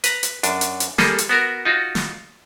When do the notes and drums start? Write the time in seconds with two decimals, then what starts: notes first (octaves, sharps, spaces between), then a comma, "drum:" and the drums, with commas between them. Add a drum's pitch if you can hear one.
0.04 B4 A#5, drum: hi-hat
0.23 drum: hi-hat
0.43 F#2 D4, drum: hi-hat
0.61 drum: hi-hat
0.80 drum: hi-hat
0.98 G3 A#3 G#4 A4, drum: snare
1.18 drum: hi-hat
1.29 B3 F#4 A#4
1.65 D#4 F4 F#4
1.95 drum: snare